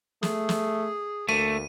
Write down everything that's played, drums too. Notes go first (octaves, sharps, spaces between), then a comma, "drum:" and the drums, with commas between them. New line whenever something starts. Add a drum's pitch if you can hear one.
A3 G#4, drum: snare
drum: snare
D2 A3 A#3 D#7